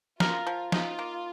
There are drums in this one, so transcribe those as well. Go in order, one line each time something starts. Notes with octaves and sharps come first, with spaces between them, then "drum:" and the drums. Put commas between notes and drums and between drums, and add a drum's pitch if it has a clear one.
F4 A#4, drum: snare
F3
D#4 F4, drum: snare
A#3